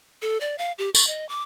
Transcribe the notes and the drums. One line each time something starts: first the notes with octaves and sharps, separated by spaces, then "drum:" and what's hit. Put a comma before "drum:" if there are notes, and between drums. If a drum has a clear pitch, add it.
A4
D5
F5
G4
C#6, drum: tambourine
D#5
D6